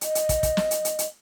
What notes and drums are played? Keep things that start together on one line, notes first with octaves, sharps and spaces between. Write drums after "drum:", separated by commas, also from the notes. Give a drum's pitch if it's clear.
D#5, drum: hi-hat
drum: hi-hat
drum: kick, hi-hat
drum: kick, hi-hat
drum: snare
drum: hi-hat
drum: hi-hat
drum: hi-hat